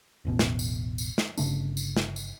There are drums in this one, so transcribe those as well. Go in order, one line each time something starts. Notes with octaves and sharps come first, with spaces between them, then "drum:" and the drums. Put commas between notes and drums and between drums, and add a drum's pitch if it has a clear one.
E1 A1 B2
drum: snare
drum: tambourine
drum: tambourine
drum: snare
G1 C#3 A3 D4, drum: tambourine
drum: tambourine
drum: snare
drum: tambourine